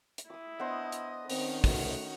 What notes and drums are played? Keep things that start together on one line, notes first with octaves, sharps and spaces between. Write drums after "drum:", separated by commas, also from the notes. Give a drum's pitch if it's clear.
drum: hi-hat
E4 D6 D#6
B3 D4 C5 D#5
drum: hi-hat
D#3 C4 C#4, drum: open hi-hat
A3 F#4, drum: kick, open hi-hat